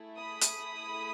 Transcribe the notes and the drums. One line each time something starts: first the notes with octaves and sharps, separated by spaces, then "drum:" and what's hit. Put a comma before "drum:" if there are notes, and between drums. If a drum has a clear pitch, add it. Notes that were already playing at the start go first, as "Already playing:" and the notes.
Already playing: A3 E4 G#4
B5 D#6
drum: hi-hat